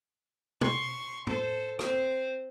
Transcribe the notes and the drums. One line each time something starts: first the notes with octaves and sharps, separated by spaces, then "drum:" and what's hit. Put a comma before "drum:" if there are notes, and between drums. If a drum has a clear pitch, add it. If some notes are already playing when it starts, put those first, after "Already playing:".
C6 C#6, drum: tom
A4 C5, drum: tom
C4 C5, drum: rim click